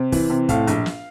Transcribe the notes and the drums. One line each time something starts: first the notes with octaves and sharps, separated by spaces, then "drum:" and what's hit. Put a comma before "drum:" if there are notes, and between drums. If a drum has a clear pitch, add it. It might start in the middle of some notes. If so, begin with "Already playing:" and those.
Already playing: C3
E3, drum: kick, open hi-hat
C3
A2 F5, drum: kick, hi-hat
A#1, drum: hi-hat
drum: snare